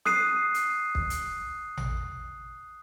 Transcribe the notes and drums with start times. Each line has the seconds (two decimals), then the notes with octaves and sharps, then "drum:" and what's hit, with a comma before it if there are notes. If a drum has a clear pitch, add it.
0.05 D#6 F#6 C7 D#7, drum: snare
0.54 drum: hi-hat
0.95 drum: kick
1.10 drum: hi-hat
1.77 drum: tom A1